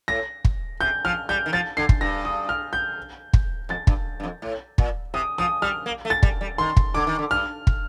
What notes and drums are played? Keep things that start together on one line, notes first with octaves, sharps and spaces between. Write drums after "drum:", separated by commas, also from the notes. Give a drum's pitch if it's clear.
A2 A#6
drum: kick
C3 G6
F3 F6
G3 G6
D#3
F3 A6
D3 C7
drum: kick
G2 A#6
D#6
F6
G6
drum: kick
F2 A6
G2, drum: kick
G2
F2
A2
A#2, drum: kick
C3 D#6
F3 D#6
G3 F6
A#3
A3
A6
G3, drum: kick
G3
D#3 C6
drum: kick
D3 D6
D#3
D3
G2 F6
drum: kick